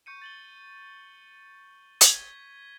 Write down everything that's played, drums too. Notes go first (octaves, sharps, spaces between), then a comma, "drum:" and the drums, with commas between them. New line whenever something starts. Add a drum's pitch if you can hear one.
C#6 G6 C#7 D#7
A6 F#7 G7
G#6 B6 D#7 G7, drum: hi-hat